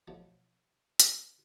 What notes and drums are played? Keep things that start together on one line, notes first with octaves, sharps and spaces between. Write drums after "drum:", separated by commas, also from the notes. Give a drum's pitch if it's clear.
B2 F3 F#3 A3
drum: hi-hat